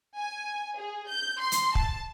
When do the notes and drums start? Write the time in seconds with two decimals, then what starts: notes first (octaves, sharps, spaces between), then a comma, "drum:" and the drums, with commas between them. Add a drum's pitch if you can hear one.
0.18 G#5
0.76 G#4
1.09 G6
1.40 C6
1.52 drum: hi-hat
1.75 A5, drum: kick